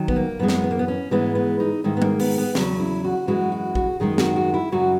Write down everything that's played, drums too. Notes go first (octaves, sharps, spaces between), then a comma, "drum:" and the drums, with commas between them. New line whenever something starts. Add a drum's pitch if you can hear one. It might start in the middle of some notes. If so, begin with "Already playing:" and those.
Already playing: D#3 F#3
B3, drum: kick
A#3
F#2 E3 G#3 B3
drum: snare
B3
A#3
B3
C#4
G#2 E3 G#3 B3
B3
D#4
G#2 D#3 G#3 E4
B3
A#3, drum: tom G3
B3, drum: open hi-hat
B3
E2 C#3 F#3 C#4, drum: snare
E4
F#4
F#2 E3 G#3 F#4
F#4
F#4, drum: kick
F#2 D#3 G#3 G#4
F#4, drum: snare
F#4
E4
F#2 C#3 F#3 F#4